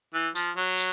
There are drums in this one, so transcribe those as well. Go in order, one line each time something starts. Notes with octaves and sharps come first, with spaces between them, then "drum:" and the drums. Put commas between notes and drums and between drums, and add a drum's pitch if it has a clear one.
E3
F3, drum: tambourine
F#3
drum: tambourine